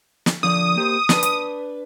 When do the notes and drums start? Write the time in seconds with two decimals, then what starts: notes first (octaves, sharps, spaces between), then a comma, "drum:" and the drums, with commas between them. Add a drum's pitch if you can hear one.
0.26 drum: snare
0.43 D3 F3 D5 D#6
0.76 A#3 G4 C5
1.09 D4 B4, drum: snare
1.23 drum: hi-hat